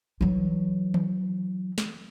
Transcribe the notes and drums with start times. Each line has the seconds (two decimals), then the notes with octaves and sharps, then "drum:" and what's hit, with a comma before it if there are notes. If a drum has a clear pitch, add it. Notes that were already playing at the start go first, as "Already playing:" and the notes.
0.21 E3 F#3
0.94 drum: tom D#3
1.78 drum: snare